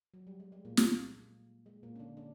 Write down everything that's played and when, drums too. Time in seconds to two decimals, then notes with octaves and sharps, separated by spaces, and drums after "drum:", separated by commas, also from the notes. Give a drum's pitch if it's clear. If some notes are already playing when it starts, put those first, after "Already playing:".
0.14 F#3
0.27 G3
0.40 G#3
0.52 G#3
0.65 A#2 A#3
0.77 drum: snare
1.66 G#3
1.83 A#2 A#3
1.96 C#4
1.99 D3 D4
2.17 D3 D4